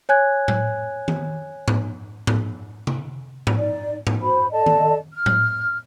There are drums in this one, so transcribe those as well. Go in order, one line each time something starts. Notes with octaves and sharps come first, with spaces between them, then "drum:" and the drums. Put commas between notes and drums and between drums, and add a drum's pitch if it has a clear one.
C#5 G#5 F#6 G#6
drum: tom A2
drum: tom D#3
drum: tom G#2
drum: tom G#2
drum: tom C3
drum: tom G#2
D#4 D5
drum: tom G#2
F#4 C5 B5
A4 D5 D#5 A5
drum: tom D#3
F6
drum: tom A2